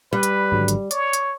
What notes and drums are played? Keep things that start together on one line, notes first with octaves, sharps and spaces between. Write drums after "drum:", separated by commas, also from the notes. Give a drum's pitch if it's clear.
G3 B4
drum: hi-hat
G#1 D3 F#3
drum: hi-hat
C#5 D5, drum: hi-hat
drum: hi-hat